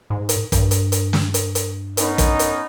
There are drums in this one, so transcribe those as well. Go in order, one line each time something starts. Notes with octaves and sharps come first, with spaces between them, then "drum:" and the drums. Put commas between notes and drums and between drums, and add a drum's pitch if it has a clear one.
G#2
drum: hi-hat
G2, drum: kick, hi-hat
drum: hi-hat
drum: hi-hat
drum: snare
drum: hi-hat
drum: hi-hat
B3 C#4 D#4, drum: hi-hat
drum: kick, hi-hat
drum: hi-hat